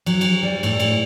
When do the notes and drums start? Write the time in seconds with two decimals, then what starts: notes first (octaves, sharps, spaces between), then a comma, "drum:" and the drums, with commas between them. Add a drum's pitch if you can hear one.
0.06 F#3, drum: cymbal
0.21 drum: cymbal
0.43 G3
0.63 A2, drum: cymbal
0.80 drum: cymbal